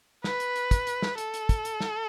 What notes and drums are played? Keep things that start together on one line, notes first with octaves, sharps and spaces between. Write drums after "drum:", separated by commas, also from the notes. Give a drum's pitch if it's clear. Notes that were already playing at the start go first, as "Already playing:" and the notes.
B4, drum: snare
drum: hi-hat
drum: hi-hat
drum: kick, hi-hat
drum: hi-hat
drum: snare
A4, drum: hi-hat
drum: hi-hat
drum: kick, hi-hat
drum: hi-hat
drum: snare